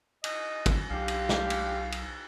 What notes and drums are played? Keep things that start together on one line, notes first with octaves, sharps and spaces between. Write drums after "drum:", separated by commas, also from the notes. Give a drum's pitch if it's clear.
D#5, drum: cymbal
drum: kick, cymbal
B1 D4 F4 G4 F5
drum: cymbal
drum: snare
drum: cymbal
drum: cymbal